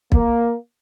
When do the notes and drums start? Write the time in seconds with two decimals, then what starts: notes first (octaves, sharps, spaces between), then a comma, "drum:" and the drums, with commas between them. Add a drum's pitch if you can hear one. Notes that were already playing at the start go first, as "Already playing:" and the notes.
0.12 A#3, drum: kick